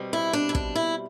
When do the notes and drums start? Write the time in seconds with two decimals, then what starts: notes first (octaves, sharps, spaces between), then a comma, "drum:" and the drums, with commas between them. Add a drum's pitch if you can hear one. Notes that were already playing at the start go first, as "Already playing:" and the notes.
Already playing: B2 G3 C4
0.13 E4
0.33 D4
0.49 E4
0.55 D4, drum: kick
0.75 E4